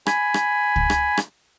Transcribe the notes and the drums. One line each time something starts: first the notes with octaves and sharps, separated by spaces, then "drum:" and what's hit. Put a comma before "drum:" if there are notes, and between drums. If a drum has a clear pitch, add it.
G#5 B5, drum: rim click
drum: rim click
drum: kick
drum: rim click
drum: rim click